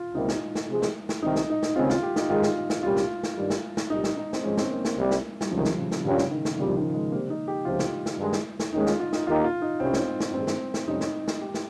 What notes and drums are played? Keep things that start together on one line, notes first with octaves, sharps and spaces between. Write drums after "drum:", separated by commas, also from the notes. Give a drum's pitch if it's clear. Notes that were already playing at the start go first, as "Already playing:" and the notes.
Already playing: F4
C#2 C3 G3 A#3 D#4
drum: snare
drum: snare
C3 F3 G#3
drum: snare
drum: snare
C2 C3 D#3 D#4
drum: snare
D#4
drum: snare
D#2 C#3 G#3 C4 F4
F4, drum: snare
G4
D#4, drum: snare
G#2 D#3 G#3 F4
drum: snare
drum: snare
C2 A#2 G3 C#4 F4 G4
drum: snare
drum: snare
G2 D#3 G3
drum: snare
drum: snare
C2 A#2 G3 D#4
drum: snare
D#4
C4, drum: snare
G#2 F3 G#3 C#4
C4, drum: snare
A#3
A#3, drum: snare
C2 C3 G3
drum: snare
G3, drum: snare
C#2 C3 D#3 F3
drum: snare
C#3
drum: snare
G2 C#3 G3 C#4 F4
drum: snare
D#3
drum: snare
C2 A#2 C#3 G3
F3
D#3
G#3
C3 G3 A#3 C4
D#4
G4
C#2 C3 F3 F4
drum: snare
drum: snare
G2 D#3 G#3 D#4
drum: snare
drum: snare
D#2 D#3 G#3 C#4 D#4
F4, drum: snare
F4
D#4, drum: snare
D#2 D#3 A#3 D#4 F4 G4
F4
D#4
C2 C3 G3 C4 C#4
drum: snare
drum: snare
G2 D#3 G#3 C4
drum: snare
drum: snare
F2 C3 G3 C#4 D#4
drum: snare
drum: snare
G4
drum: snare